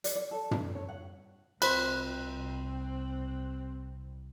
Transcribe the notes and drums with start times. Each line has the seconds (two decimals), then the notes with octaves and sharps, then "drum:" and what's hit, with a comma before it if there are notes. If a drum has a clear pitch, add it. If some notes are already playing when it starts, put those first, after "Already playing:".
0.04 D5, drum: hi-hat
0.15 D5
0.31 A4
0.51 drum: tom
0.75 C#5
0.89 F#5
1.62 C2 C4 C5 B5 F#6, drum: cymbal